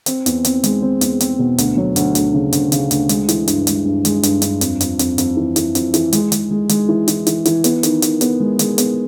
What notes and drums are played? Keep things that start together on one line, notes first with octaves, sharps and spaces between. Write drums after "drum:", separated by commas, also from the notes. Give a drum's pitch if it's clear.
C4, drum: hi-hat
E2, drum: hi-hat
C4, drum: hi-hat
G#3, drum: hi-hat
C4
E2, drum: hi-hat
C4, drum: hi-hat
B2
D2, drum: hi-hat
F#3
D2, drum: hi-hat
D2, drum: hi-hat
C#3
D2, drum: hi-hat
C#3, drum: hi-hat
D2, drum: hi-hat
G#3, drum: hi-hat
E3, drum: hi-hat
G2, drum: hi-hat
G#3, drum: hi-hat
G2
G#3, drum: hi-hat
G2, drum: hi-hat
G2, drum: hi-hat
F2, drum: hi-hat
F2, drum: hi-hat
F2, drum: hi-hat
F2, drum: hi-hat
E3
E3, drum: hi-hat
F2, drum: hi-hat
E3, drum: hi-hat
G#3, drum: hi-hat
G#3, drum: hi-hat
G#3
G#3, drum: hi-hat
E3
E3, drum: hi-hat
E3, drum: hi-hat
E3, drum: hi-hat
B3, drum: hi-hat
D#3, drum: hi-hat
D#3, drum: hi-hat
B3, drum: hi-hat
G#3
G#3, drum: hi-hat
B3, drum: hi-hat